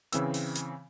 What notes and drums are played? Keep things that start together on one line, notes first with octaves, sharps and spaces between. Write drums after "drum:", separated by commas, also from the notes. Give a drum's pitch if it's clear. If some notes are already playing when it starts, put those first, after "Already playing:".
C#3 E3 C4 E6, drum: hi-hat
drum: open hi-hat
drum: hi-hat